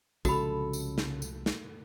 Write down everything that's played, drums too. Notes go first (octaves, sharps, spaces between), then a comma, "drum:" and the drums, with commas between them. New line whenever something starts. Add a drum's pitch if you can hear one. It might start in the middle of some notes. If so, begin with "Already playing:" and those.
C2 C#3 F3 G#3 F#4 A4 B5, drum: kick, tambourine
drum: tambourine
drum: snare
drum: tambourine
drum: snare